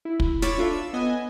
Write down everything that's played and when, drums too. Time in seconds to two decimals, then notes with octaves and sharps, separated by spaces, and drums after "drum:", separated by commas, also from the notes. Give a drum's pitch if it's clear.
0.05 E4
0.20 drum: kick
0.42 C#5 B5 C#6 D6 E6 A6, drum: snare
0.58 D4 F4 A4 E5
0.72 E6
0.93 B3 D#5 G#5